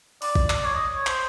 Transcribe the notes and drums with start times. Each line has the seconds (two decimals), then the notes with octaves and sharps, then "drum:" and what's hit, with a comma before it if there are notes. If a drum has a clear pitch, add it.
0.22 D5, drum: open hi-hat
0.36 drum: kick A1
0.50 drum: clap
0.65 C#5
0.75 D#5
0.96 C#5
1.07 C5, drum: clap